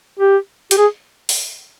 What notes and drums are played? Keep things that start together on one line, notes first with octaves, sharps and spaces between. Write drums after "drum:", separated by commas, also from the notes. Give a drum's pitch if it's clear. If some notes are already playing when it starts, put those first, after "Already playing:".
G4
G4, drum: hi-hat
G#4
drum: open hi-hat